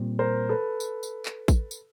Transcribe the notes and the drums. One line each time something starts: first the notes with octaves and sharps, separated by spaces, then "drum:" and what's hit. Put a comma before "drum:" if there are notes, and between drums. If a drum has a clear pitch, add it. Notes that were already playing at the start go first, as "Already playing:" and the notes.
Already playing: A#2 G3 C4
A#4 C5
A4 B4
drum: tambourine
drum: tambourine
drum: clap
drum: kick A1, tambourine
drum: tambourine